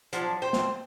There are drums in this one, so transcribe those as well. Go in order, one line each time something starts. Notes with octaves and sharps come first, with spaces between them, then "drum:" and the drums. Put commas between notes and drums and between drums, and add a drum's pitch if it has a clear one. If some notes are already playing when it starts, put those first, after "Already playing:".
F3 F#3 D4, drum: hi-hat
C5 G5
drum: snare